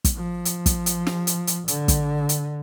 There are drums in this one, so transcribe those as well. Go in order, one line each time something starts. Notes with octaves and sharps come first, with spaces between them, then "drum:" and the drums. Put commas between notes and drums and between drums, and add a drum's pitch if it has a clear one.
drum: kick, hi-hat
F3
drum: hi-hat
drum: kick, hi-hat
drum: hi-hat
drum: snare
drum: hi-hat
drum: hi-hat
D3, drum: hi-hat
drum: kick, hi-hat
drum: hi-hat